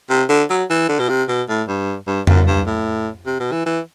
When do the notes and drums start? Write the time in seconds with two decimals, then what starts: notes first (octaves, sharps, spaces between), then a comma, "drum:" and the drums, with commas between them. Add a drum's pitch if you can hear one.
0.10 C3
0.29 D3
0.50 F#3
0.70 E3
0.88 D3
0.99 B2
1.09 C3
1.28 B2
1.49 A2
1.68 G2
2.07 G2
2.27 F#2, drum: tom F2
2.47 G2
2.67 A2
3.26 C3
3.40 B2
3.52 E3
3.66 E3